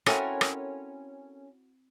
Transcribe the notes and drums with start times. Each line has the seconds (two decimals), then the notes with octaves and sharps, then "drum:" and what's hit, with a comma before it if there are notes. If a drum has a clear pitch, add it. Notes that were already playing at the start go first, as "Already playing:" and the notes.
0.06 C4 C#4 E4 F#4 A4 A#4 F#5 G#5, drum: rim click
0.41 drum: rim click